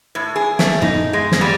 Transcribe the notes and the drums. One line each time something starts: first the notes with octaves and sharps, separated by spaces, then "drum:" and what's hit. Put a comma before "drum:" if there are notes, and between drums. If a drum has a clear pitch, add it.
A2
G#4
A3, drum: snare
D#4, drum: tom
G#3
drum: snare
G3